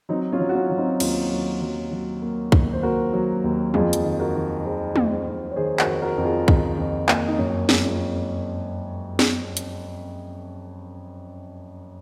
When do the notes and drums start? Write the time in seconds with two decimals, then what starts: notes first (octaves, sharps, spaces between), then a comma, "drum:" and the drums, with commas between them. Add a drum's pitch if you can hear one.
0.09 F#3 C4 D#4
0.32 C#4 F4
0.40 F#3
0.49 F#4
0.55 C#4 F4
0.70 F#3
0.78 C4 D#4
1.00 D#2 C#4 F4, drum: cymbal
1.31 F#3
1.61 F#3
1.91 F#3
2.22 A#3
2.52 D#3, drum: kick
2.73 C5
2.83 A#3 F#4 A#4
3.13 F#3
3.44 D#2
3.74 F2 F4 G#4, drum: tom
3.93 drum: hi-hat
4.04 D#3
4.19 F#4 A#4
4.34 D#3
4.65 D#3 G#4 C5
4.96 F2, drum: tom
5.10 G#4 C5
5.26 F2
5.51 C#5
5.56 D#3 G#4 C5
5.79 F#4 A#4, drum: clap
5.86 F2
6.02 F#4 A#4
6.17 F2
6.25 F4 G#4
6.48 D#3, drum: kick
6.78 F2
7.09 A#3, drum: clap
7.28 D#4
7.38 F#2 C#4
7.69 G#3, drum: snare
7.84 C#4 F4
8.00 C4
9.19 drum: snare
9.57 drum: hi-hat